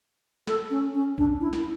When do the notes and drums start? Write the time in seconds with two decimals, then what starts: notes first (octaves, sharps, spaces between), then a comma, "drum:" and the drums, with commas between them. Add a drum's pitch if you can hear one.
0.47 A4, drum: snare
0.70 C#4
0.95 C#4
1.18 D4, drum: kick B1
1.41 E4
1.53 drum: snare